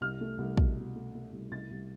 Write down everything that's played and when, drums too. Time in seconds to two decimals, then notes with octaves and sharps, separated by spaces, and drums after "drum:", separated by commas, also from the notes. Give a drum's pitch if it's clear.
0.01 C2 F6
0.21 A3
0.38 C2
0.57 B2, drum: kick
0.77 B2
0.95 A3
1.15 A3
1.32 C2
1.51 C2 A6
1.71 C2